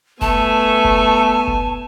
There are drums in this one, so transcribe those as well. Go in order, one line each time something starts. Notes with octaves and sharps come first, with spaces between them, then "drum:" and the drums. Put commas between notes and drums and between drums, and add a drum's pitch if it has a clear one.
A3 B3 G#5 A5, drum: kick F1
drum: kick F1
drum: kick F1